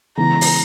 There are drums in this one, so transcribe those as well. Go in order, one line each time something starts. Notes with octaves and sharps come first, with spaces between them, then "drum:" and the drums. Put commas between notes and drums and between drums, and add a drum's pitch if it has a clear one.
C#3 E3 G#3 B3 A#5
drum: open hi-hat